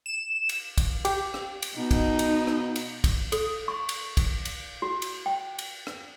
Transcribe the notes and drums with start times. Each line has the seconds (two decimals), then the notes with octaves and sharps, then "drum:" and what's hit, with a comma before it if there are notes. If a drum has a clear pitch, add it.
0.06 E7
0.49 drum: cymbal
0.78 drum: kick, cymbal
1.05 G4, drum: cymbal
1.34 drum: rim click
1.62 drum: cymbal
1.78 B2 D#4
1.91 drum: kick, cymbal
2.19 drum: cymbal
2.47 drum: rim click
2.76 drum: cymbal
3.04 drum: kick, cymbal
3.32 A4, drum: cymbal
3.68 C#6
3.89 drum: cymbal
4.17 drum: kick, cymbal
4.45 drum: cymbal
4.82 F#4
5.02 drum: cymbal
5.26 G5
5.59 drum: cymbal
5.87 drum: rim click